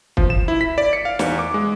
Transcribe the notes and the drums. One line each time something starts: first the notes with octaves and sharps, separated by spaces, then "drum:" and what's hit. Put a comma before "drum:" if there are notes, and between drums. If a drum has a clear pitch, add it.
F3, drum: kick
E7
E4
B6
D5
C#7
F5
E2, drum: snare
D6
G#3